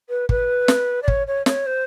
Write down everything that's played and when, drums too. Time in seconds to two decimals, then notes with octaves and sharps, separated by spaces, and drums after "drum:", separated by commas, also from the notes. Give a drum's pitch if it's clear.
0.09 B4
0.29 B4, drum: kick
0.68 drum: snare
1.02 D5
1.08 C#5, drum: kick
1.27 C#5
1.46 C#5, drum: snare
1.66 C5